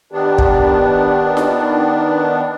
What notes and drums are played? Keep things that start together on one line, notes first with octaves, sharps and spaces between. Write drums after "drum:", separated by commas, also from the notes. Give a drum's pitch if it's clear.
D#3 B3 D4 G4
drum: kick
D#4, drum: snare F4